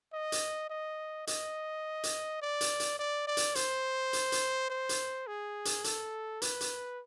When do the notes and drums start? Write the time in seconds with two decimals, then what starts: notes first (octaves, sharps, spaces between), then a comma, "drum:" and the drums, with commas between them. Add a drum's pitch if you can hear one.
0.13 D#5
0.32 drum: hi-hat
0.70 D#5
1.27 D#5, drum: hi-hat
2.03 drum: hi-hat
2.42 D5
2.61 drum: hi-hat
2.80 drum: hi-hat
2.99 D5
3.27 D5
3.37 drum: hi-hat
3.55 C5, drum: hi-hat
4.13 drum: hi-hat
4.32 drum: hi-hat
4.70 C5
4.89 drum: hi-hat
5.27 G#4
5.65 drum: hi-hat
5.84 A4, drum: hi-hat
6.42 B4, drum: hi-hat
6.61 drum: hi-hat